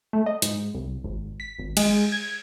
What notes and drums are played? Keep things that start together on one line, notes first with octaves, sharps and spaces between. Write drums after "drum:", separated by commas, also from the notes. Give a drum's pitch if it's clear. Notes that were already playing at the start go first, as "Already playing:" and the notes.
A3
D#5
G#2, drum: hi-hat
C2
G#1
B6
G#1
G#3, drum: cymbal
G#6